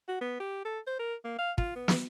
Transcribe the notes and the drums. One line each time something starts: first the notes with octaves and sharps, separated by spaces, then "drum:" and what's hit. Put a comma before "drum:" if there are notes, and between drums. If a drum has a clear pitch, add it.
F#4
B3
G4
A4
C5
A#4
A#3
F5
F4, drum: kick
B3
drum: snare